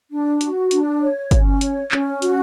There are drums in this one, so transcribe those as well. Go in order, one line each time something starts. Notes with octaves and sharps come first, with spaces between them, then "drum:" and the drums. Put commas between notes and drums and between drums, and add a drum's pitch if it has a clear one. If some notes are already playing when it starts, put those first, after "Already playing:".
D4
F#4, drum: hi-hat
D4, drum: hi-hat
C#5
C#4, drum: kick, hi-hat
C#5, drum: hi-hat
C#4, drum: clap
F#4, drum: hi-hat